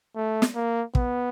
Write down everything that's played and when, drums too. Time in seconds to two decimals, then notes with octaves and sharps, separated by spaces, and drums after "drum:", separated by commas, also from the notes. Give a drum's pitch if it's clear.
0.16 A3
0.42 drum: snare
0.55 A#3
0.95 B3, drum: kick